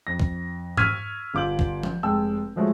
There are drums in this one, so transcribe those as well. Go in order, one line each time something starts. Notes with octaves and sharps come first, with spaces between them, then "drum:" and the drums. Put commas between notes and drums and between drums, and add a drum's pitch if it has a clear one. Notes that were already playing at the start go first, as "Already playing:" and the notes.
F2 A#6
drum: kick B1
C#6 E6 F6 G#6 B6 D#7, drum: tom G#2
G1 F4 D6 G6 F#7
drum: kick B1
drum: tom F3
F1 G#3 G5 A5 E6
F3 F#3 G#3 A3